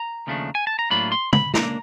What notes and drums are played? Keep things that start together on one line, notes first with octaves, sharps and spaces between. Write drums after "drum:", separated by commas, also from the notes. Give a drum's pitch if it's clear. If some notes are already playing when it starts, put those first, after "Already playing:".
Already playing: A#5
D#2 C#3 F3 A3 D4
G#5
A5
A#5
A2 F#3 A#3 D4 F4 B5
C6
B5, drum: tom
C#2 C#3 F#3 A#3 D4 A#5, drum: snare